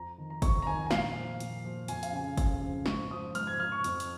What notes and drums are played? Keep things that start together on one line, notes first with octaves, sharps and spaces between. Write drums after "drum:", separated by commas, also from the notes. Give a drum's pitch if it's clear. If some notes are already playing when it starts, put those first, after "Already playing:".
Already playing: F2 A#5
D#3
A#5
F2 C#6, drum: kick, hi-hat
A#5
D#3 G#5
G#5
A#2 F5, drum: snare
F3
A#2, drum: hi-hat
F3
F2 G#5, drum: hi-hat
F5, drum: hi-hat
C#3 F3 G#5
F2, drum: kick, hi-hat
C#3 F3
G#2 C#6, drum: snare
F3 D#6
G#2 F6, drum: hi-hat
G#6
F3 F6
C#6
F2, drum: hi-hat
drum: hi-hat